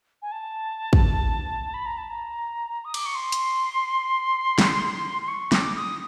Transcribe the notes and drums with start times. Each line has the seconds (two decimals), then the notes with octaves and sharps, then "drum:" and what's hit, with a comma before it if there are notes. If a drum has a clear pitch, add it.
0.22 G#5
0.32 A5
0.93 drum: kick
1.74 B5
1.86 A#5
1.98 A5
2.10 A#5
2.85 D#6
2.94 D6, drum: cymbal
3.05 C#6
3.15 C6
3.32 drum: hi-hat
4.58 drum: snare
5.22 C6
5.28 C#6
5.52 D6, drum: snare
5.76 D#6